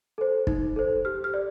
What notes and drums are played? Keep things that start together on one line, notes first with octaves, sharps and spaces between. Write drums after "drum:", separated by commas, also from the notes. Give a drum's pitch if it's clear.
A4 C5
D#4, drum: kick
A4 C5
G4 F6
F6
D5